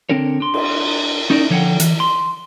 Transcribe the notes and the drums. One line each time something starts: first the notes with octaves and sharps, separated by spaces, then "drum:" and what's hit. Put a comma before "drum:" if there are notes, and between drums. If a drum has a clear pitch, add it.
D3 C4 D4 A#4 C#5
D4 C6
drum: cymbal
C#4 D#4 E4 A#4 D5
D3 F3 C#5 D#5 F#5 G5
E3, drum: hi-hat
C6